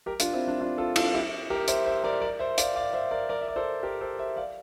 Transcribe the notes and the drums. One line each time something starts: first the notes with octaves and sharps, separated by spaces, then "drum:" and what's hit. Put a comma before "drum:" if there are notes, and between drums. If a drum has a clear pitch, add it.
G4 A#4
D4 F4, drum: hi-hat
C4 E4
D4
D4 F4
F4 A4
F4 A4, drum: cymbal
E4 G4
G4 A#4
C5 E5, drum: hi-hat
C5 E5
A#4 D5
A#4 D5
C5 E5
D5 F5, drum: hi-hat
D5 F5
C5 E5
A#4 D5
A#4 D5
E5
D5
A4 C5
G4 A#4
A4 C5
C5 E5
D5 F5